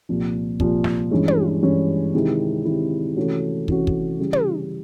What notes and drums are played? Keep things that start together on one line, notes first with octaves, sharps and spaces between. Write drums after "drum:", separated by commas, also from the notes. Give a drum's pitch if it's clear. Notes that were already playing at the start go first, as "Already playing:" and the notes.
C2 A#2 F3
C2 A#2 F3, drum: kick
drum: snare
G2 E3 G#3 C#4
drum: tom
G2 E3 G#3 C#4
C3 D#3 G#3 C4 E4
C3 D#3 G#3 C4 E4
C3 E3 A3 C#4 F#4
C3 E3 A3 C#4 F#4, drum: kick
drum: kick
C#3 E3 G3
drum: tom